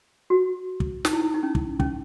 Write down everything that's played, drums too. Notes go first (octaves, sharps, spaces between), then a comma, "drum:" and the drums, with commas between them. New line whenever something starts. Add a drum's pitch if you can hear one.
F#4
drum: kick
D#4, drum: snare
E4
D#4
D#4
C#4
drum: kick
C#4, drum: kick